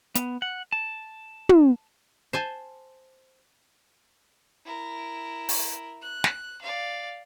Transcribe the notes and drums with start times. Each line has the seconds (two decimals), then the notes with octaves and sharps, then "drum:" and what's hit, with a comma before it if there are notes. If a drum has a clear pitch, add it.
0.15 B3, drum: hi-hat
0.42 F#5
0.72 A5
1.49 drum: tom
2.33 C5 G#5 A5
4.66 E4 A#4
5.49 drum: open hi-hat
6.01 F#6
6.24 drum: snare
6.62 D5 F5